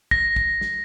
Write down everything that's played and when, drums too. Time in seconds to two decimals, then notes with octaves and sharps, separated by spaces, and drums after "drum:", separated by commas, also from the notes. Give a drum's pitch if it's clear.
0.11 A#6, drum: kick
0.36 drum: kick
0.61 drum: snare